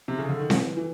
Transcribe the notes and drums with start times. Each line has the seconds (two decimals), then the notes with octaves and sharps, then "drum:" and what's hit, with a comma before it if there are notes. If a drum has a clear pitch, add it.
0.08 C3
0.19 C#3
0.29 D3
0.39 D#3
0.50 E3, drum: snare C4
0.77 E3